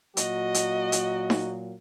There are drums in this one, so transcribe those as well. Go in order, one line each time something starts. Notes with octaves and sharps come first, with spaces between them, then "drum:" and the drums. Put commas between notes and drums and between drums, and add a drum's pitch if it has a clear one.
A#2 F#3 A#3 F#4 D#5, drum: hi-hat
drum: hi-hat
drum: hi-hat
drum: snare D#4